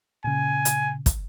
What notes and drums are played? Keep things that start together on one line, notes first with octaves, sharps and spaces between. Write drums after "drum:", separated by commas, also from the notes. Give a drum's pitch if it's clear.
A#2 C#3 G#5
drum: hi-hat
drum: kick, hi-hat